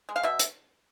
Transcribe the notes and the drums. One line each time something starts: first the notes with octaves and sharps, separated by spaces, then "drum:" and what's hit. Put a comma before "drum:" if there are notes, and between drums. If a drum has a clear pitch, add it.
G#3
F5
B2 E5
drum: hi-hat